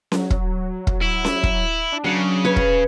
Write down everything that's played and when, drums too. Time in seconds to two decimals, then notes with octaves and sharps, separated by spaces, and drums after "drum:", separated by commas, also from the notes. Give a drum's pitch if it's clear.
0.12 F#3, drum: snare C#4
0.30 drum: kick
0.87 drum: kick
1.02 E4
1.25 drum: snare C#4
1.43 drum: kick
1.92 D4
2.04 C#3 F#3 D4 F#5 A5
2.45 B4 C#5
2.56 drum: kick